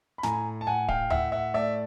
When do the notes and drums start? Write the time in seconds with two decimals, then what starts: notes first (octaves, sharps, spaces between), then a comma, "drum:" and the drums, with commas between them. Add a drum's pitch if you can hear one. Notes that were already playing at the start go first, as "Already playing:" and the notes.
0.18 B5
0.23 A2 G#5 A#5, drum: snare
0.61 A5
0.67 A2 F#5 G#5
0.89 F5 G5, drum: kick D1
1.10 A2 E5 F#5, drum: tom D2
1.32 E5 F#5
1.54 A3 D5 E5